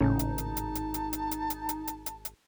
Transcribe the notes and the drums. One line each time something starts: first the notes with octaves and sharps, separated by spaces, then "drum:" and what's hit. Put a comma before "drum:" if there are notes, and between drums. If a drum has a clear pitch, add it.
G#1 A2 C#3 C#4 D#4 A5
drum: hi-hat
drum: hi-hat
drum: hi-hat
drum: hi-hat
drum: hi-hat
drum: hi-hat
drum: hi-hat
drum: hi-hat
drum: hi-hat
drum: hi-hat
drum: hi-hat
drum: hi-hat